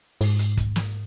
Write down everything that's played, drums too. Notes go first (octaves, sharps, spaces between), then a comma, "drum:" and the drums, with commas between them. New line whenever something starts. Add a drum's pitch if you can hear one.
G#2, drum: open hi-hat
drum: hi-hat
drum: kick, hi-hat
drum: snare